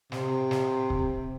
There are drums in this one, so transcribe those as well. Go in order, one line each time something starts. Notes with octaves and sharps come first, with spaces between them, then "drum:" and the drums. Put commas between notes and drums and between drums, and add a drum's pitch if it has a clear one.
C3, drum: snare
drum: snare
drum: kick C#1